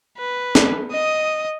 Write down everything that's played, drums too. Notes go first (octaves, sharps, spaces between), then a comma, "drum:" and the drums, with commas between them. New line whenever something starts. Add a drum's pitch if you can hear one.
B4
drum: snare
D#5 D#6